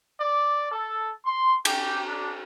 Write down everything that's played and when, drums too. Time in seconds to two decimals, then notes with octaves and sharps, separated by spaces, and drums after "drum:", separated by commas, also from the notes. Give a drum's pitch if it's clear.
0.19 D5
0.71 A4
1.25 C6
1.65 G4, drum: cymbal
2.07 D4